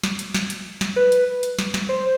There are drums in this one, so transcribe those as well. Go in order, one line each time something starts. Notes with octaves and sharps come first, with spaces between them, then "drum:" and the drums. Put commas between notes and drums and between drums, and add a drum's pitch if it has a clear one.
drum: snare
drum: hi-hat
drum: snare
drum: hi-hat
drum: snare
B4
drum: hi-hat
drum: hi-hat
drum: snare
drum: snare
C5